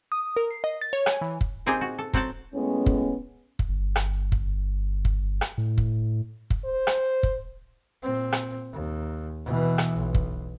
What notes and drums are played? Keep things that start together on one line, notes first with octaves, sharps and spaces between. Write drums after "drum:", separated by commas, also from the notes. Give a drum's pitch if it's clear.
D#6
A#4
C7
D#5
A6
C#5
G#5, drum: rim click
E3
drum: kick
A#2 C4 D#4 G4 G#4 G5
F#4
A4
F#3 C4 F#5 G5 A5, drum: kick
A2 G#3 B3 C#4
drum: kick
drum: kick
G1
drum: rim click
drum: kick
drum: kick
drum: rim click
A2
drum: kick
drum: kick
C5
drum: rim click
drum: kick
A#2 C4
drum: rim click
D#2
B2 E3
drum: rim click
B1
drum: kick